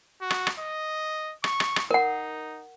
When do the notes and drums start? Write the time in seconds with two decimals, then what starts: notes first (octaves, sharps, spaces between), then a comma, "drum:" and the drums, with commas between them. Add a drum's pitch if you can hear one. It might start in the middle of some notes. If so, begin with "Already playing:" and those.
0.21 F#4
0.30 drum: rim click
0.47 drum: rim click
0.60 D#5
1.44 C#6, drum: rim click
1.60 drum: rim click
1.76 drum: rim click
1.91 D#4 A#4 F#5